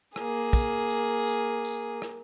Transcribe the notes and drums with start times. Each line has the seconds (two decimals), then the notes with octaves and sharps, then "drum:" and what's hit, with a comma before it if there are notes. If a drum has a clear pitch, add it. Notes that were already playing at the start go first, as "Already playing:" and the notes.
0.16 A#3 G#4, drum: rim click
0.53 drum: kick, tambourine
0.90 drum: tambourine
1.28 drum: tambourine
1.65 drum: tambourine
2.02 drum: rim click